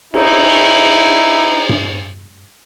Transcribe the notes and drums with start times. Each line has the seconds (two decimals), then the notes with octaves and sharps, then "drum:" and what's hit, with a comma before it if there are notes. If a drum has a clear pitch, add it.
0.14 D#4 E4, drum: cymbal
1.69 drum: tom G2